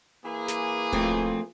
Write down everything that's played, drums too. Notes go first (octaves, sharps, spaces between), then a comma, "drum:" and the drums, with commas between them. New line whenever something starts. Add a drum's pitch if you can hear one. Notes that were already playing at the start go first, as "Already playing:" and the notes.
E3 A#3 G#4
drum: snare
F2 A3 C4, drum: kick D1